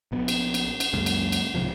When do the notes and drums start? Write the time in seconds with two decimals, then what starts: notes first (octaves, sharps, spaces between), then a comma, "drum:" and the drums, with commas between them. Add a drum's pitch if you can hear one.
0.12 A#1 B3
0.28 drum: cymbal
0.54 drum: cymbal
0.80 drum: cymbal
0.93 C#2 F#2 A#2
1.06 drum: cymbal
1.32 drum: cymbal
1.54 B1 G#2 C3 F3